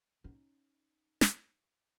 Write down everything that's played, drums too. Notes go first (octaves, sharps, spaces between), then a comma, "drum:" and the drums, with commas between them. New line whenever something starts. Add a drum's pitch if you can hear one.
C#4 D#4
drum: snare